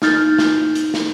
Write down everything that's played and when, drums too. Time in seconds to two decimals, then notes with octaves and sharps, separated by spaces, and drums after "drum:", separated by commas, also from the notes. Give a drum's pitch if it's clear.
0.02 D#4 D#6 F6 G6 A6, drum: snare
0.39 drum: snare
0.75 drum: hi-hat
0.94 drum: snare